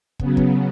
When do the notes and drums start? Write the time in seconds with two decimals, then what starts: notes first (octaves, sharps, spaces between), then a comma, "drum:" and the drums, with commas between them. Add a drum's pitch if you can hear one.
0.19 C#3 F#3 B3, drum: kick
0.37 drum: kick